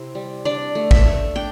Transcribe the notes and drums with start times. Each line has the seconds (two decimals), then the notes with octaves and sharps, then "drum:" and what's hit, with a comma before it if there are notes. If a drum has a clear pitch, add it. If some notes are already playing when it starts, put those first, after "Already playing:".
Already playing: C3 C4 E4
0.15 G3
0.45 D4 D5
0.75 A3
0.91 E5, drum: kick G#1
1.06 A3
1.36 D4 G5